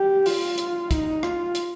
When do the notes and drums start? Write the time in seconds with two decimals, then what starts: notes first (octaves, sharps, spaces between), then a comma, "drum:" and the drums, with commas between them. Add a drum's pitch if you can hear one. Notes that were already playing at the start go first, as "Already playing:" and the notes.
Already playing: G4
0.26 F4, drum: open hi-hat
0.58 drum: hi-hat
0.91 D#4, drum: kick, hi-hat
1.23 F4, drum: rim click
1.55 drum: hi-hat